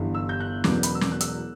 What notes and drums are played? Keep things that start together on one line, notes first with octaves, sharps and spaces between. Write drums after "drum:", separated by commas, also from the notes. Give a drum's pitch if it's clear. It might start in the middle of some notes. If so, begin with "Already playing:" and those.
Already playing: G1 G2 E3
E6
G6
F#6
E1 E2 C#3 F#3 B3 D6, drum: snare
B5, drum: hi-hat
E6
D6, drum: snare
F#6
E6, drum: hi-hat